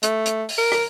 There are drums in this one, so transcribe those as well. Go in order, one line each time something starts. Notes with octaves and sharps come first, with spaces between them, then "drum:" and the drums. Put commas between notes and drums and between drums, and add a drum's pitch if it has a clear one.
A3, drum: hi-hat
drum: hi-hat
drum: open hi-hat
A#4
drum: rim click